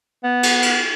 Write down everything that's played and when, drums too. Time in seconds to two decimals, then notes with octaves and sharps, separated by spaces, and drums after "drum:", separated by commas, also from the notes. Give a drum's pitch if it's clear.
0.24 B3
0.43 drum: cymbal
0.62 drum: cymbal